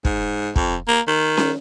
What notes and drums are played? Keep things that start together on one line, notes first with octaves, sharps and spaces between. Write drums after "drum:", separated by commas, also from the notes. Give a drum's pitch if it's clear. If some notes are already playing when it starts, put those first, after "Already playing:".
G#2, drum: kick
F2, drum: kick
A#3
D#3
drum: snare